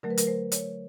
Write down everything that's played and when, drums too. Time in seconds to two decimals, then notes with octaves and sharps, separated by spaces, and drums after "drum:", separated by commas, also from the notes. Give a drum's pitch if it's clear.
0.03 D3 F#3 A3 A#4
0.10 B4
0.17 A#4, drum: hi-hat
0.27 C5
0.52 C#5, drum: hi-hat